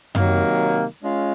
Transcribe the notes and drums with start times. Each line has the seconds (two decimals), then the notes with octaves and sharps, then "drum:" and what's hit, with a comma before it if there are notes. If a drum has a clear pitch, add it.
0.15 C3 D#3 F#3 A#3, drum: tom F#2
1.02 G#3 C#4 F4